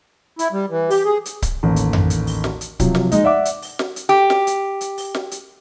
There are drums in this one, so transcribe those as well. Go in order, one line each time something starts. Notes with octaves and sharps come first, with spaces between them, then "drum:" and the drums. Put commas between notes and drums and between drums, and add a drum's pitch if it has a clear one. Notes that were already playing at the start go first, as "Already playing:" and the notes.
E4, drum: hi-hat
G3
E3
G4, drum: open hi-hat
G#4
drum: hi-hat
drum: kick C#1, hi-hat
A1 D#2
drum: hi-hat
drum: tom F2
drum: hi-hat
drum: open hi-hat
drum: snare
drum: hi-hat
C3 F3 F#3, drum: kick C#1, hi-hat
drum: snare
G#3 D#4, drum: hi-hat
D5 E5 F#5 D6
drum: hi-hat
drum: open hi-hat
drum: snare
drum: hi-hat
G4
drum: snare
drum: hi-hat
drum: hi-hat
drum: open hi-hat
drum: snare
drum: hi-hat